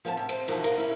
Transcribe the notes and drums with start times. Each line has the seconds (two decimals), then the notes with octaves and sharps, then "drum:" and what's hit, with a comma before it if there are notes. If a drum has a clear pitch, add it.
0.05 F3 B3 C#4 G5 A5
0.17 C3
0.29 C5, drum: cymbal
0.48 E2 B2 D#3 F3, drum: cymbal
0.64 A#4 F5, drum: cymbal
0.78 C#4 E4